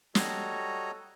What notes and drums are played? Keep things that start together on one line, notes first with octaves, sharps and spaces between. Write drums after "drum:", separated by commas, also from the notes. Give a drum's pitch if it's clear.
G3 F#4 A4 C#5 D#5 A#5, drum: snare